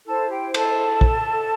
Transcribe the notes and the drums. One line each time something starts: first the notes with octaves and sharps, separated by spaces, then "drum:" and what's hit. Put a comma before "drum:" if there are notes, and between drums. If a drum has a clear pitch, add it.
E4 A4 C5 A5
G4 G5
A4 A5, drum: cymbal
drum: kick